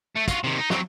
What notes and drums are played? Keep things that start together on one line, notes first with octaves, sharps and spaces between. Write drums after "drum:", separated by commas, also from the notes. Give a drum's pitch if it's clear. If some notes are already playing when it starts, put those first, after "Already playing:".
A3
F4 F#4, drum: kick, hi-hat
C3 D#3
D#4
F#3 C4, drum: snare